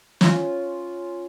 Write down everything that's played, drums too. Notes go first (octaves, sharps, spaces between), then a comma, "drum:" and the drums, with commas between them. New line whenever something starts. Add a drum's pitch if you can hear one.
C#4 F4, drum: snare